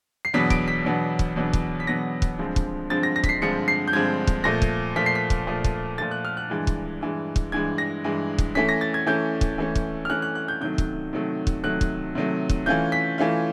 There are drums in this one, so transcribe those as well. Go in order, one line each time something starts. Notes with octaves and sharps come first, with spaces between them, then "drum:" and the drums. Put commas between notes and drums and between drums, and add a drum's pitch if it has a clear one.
C7
E2 B2 F#3 B3 D4 B6
D7, drum: kick
B6
E2 B2 F#3 B3 D4
drum: kick
E2 B2 F#3 B3 D4
drum: kick
B6
E2 B2 F#3 B3 D4 A#6
drum: kick
G2 D3 F3 G#3 C4
drum: kick
G2 D3 F3 G#3 C4 A6
A#6
A#6
B6, drum: kick
C7
G2 D3 F3 G#3 C4 C#7
C7
G6
G2 D3 F3 G#3 C4 G#6
drum: kick
A#2 F3 A3 A#6
drum: kick
A#2 F3 A3 B6
C7
B6
drum: kick
A#2 F3 A3
drum: kick
A#2 F3 A3 A6
F#6
F6
F#6
G2 E3 G#3
drum: kick
G2 E3 G#3
drum: kick
G2 E3 G#3 G#6
A#6
G2 E3 G#3
drum: kick
E3 A3 C#4 B6
A#6
A6
G#6
E3 A3 C#4 G6
drum: kick
E3 A3 C#4
drum: kick
F6
E3 A3 C#4 F#6
F#6
F#6
G6
C3 D#3 F#3 A3 G6
drum: kick
C3 D#3 F#3 A3
drum: kick
C3 D#3 F#3 A3 F#6
drum: kick
C3 D#3 F#3 A3
drum: kick
E3 A3 C#4 F4 G6
B6
E3 A3 C#4 F4